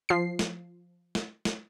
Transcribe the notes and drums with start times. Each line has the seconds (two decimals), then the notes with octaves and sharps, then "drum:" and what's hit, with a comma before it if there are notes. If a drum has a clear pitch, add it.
0.09 F3 C7
0.39 drum: snare
1.15 drum: snare
1.45 drum: snare